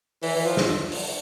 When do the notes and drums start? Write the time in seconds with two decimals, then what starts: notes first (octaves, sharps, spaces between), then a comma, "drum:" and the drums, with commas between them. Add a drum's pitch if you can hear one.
0.23 E3, drum: open hi-hat
0.36 E3
0.46 F3
0.57 drum: snare
0.92 drum: open hi-hat